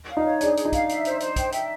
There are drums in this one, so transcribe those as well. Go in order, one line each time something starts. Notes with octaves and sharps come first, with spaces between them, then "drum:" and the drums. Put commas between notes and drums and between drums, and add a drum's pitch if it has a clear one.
F5
D#4
C#5
D4 G#4, drum: hi-hat
G#4, drum: hi-hat
D#4
F5, drum: kick, hi-hat
E5, drum: hi-hat
C5, drum: hi-hat
C5, drum: hi-hat
G5, drum: kick, hi-hat
E5, drum: hi-hat